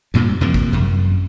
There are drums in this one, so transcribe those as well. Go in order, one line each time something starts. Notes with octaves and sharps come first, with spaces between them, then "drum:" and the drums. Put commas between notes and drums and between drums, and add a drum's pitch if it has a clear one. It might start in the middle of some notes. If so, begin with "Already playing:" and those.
D2 G2 A#2
E2 C3 F3 A#3
drum: kick
F#2